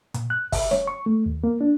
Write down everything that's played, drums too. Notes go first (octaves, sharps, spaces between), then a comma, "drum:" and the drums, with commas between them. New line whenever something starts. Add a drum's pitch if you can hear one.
A#2, drum: hi-hat
F#6
E5, drum: kick, open hi-hat
C#5, drum: snare C#4
C#6
A3
D#2
A#3
D4